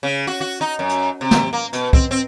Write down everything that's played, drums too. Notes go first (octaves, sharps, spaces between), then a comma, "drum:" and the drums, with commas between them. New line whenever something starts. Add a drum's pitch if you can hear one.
C#3
F#4
F#4
D#4
F#2
drum: hi-hat
C3
drum: snare
A#3
B2, drum: hi-hat
C4, drum: kick
C4